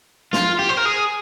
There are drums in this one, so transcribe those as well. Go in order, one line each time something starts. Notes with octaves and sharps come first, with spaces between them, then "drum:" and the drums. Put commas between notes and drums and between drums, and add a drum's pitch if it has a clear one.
F4, drum: snare
G4
C5
A#4
G#4